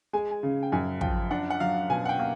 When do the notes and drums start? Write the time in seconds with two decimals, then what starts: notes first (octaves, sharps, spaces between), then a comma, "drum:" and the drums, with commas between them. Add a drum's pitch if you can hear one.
0.13 G#3 G#5
0.31 G#5
0.43 C#3
0.63 G5
0.72 F#2 G#5
1.01 F3 G5, drum: kick
1.31 D4 F#5
1.50 F#5
1.60 F#3 F5
1.90 B2 G#5
2.05 F#5
2.09 G5
2.19 A#3